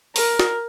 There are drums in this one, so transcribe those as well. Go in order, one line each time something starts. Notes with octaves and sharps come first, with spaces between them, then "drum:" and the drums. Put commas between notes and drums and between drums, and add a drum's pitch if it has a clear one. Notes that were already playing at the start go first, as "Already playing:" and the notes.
A#4, drum: open hi-hat
drum: snare